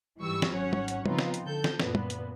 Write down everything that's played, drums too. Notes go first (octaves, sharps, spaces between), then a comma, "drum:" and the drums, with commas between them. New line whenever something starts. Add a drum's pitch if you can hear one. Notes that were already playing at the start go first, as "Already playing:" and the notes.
G#2 E3 G3 C#6 E6
drum: snare
G#1 F#3 C#4 C#5 F#5
drum: tom
drum: hi-hat
C#3 F3 B3 C4 D#4 F4, drum: tom
drum: snare
drum: hi-hat
D3 A4 G6
drum: snare
F#2 A#2 B3, drum: snare
drum: tom
drum: hi-hat